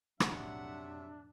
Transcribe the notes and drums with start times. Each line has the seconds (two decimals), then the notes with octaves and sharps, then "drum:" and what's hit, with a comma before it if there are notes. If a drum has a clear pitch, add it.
0.20 B1 F2 A2 C3 F#3 D4 E5 F#5, drum: rim click